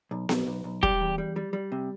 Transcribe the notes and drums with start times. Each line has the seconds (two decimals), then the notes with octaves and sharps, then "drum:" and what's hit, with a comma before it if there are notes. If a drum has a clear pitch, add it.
0.11 B1
0.29 B1, drum: snare B3
0.46 B1
0.64 B1
0.83 G3 G4, drum: kick
1.01 E2
1.18 G3
1.36 G3
1.53 G3
1.72 C3